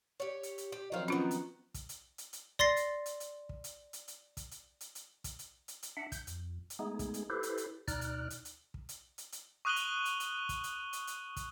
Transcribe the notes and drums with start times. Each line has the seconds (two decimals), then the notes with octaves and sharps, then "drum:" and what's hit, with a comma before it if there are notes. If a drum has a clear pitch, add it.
0.20 G4 C#5
0.43 drum: hi-hat
0.58 drum: hi-hat
0.72 G4
0.92 D#3 F3 F#3 C4 F5
1.08 D#3 B3 C#4 F4
1.31 drum: hi-hat
1.74 drum: kick, hi-hat
1.89 drum: hi-hat
2.18 drum: hi-hat
2.33 drum: hi-hat
2.59 D5 C6 A6 A#6 C7, drum: kick
2.76 drum: hi-hat
3.06 drum: hi-hat
3.20 drum: hi-hat
3.49 drum: kick
3.64 drum: hi-hat
3.93 drum: hi-hat
4.08 drum: hi-hat
4.37 drum: kick, hi-hat
4.51 drum: hi-hat
4.81 drum: hi-hat
4.95 drum: hi-hat
5.24 drum: kick, hi-hat
5.39 drum: hi-hat
5.68 drum: hi-hat
5.83 drum: hi-hat
5.97 D4 E5 F#5
6.12 G6, drum: kick, hi-hat
6.27 F2, drum: hi-hat
6.70 drum: hi-hat
6.79 G#3 A3 B3 D#4 G#4
6.99 drum: kick, hi-hat
7.14 drum: hi-hat
7.30 E4 G4 A4 B4 C5
7.43 drum: hi-hat
7.57 drum: hi-hat
7.88 D2 B2 D#4 D5 F6 F#6, drum: kick, hi-hat
8.01 drum: hi-hat
8.30 drum: hi-hat
8.45 drum: hi-hat
8.74 drum: kick
8.89 drum: hi-hat
9.18 drum: hi-hat
9.32 drum: hi-hat
9.65 C#6 D#6 F#6 D#7 F#7 G7
9.76 drum: hi-hat
10.05 drum: hi-hat
10.20 drum: hi-hat
10.49 drum: kick, hi-hat
10.64 drum: hi-hat
10.93 drum: hi-hat
11.07 drum: hi-hat
11.36 drum: kick, hi-hat